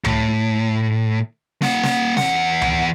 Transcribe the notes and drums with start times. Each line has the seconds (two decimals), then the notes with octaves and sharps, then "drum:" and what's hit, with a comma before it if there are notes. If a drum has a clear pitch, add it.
0.04 A2, drum: tom C#2
1.62 A#3 F#5, drum: snare
1.84 drum: snare
2.17 E2 F#5, drum: snare
2.61 drum: tom C#2